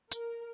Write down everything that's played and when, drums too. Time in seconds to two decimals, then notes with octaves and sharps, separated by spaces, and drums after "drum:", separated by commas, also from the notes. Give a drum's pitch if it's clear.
0.12 A#4, drum: hi-hat